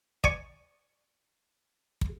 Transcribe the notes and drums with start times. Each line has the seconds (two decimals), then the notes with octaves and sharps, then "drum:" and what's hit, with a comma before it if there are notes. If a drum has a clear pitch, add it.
0.24 D5 G#5 C#6, drum: kick
2.01 drum: kick